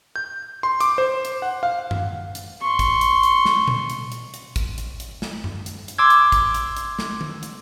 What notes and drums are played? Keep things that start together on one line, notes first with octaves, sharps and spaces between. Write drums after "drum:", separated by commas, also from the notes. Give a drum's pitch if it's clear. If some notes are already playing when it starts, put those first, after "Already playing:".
G6
C6
D6, drum: hi-hat
C5
drum: hi-hat
F#5
F5
drum: tom F#2
drum: hi-hat
C6 C#6
drum: kick, hi-hat
drum: hi-hat
drum: hi-hat
drum: snare
drum: tom A#2
drum: hi-hat
drum: hi-hat
drum: hi-hat
drum: kick, hi-hat
drum: hi-hat
drum: hi-hat
drum: snare
drum: tom F#2
drum: hi-hat
drum: hi-hat
C6 D6 E6 G#6
drum: hi-hat
drum: kick, hi-hat
drum: hi-hat
drum: hi-hat
drum: snare
drum: tom D#3
drum: hi-hat